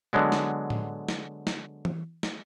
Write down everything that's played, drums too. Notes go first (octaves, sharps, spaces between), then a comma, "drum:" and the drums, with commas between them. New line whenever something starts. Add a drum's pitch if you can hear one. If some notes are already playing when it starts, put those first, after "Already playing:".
D3 F#3 G#3 B3
drum: snare
drum: tom A2
drum: snare
drum: snare
drum: tom E3
drum: snare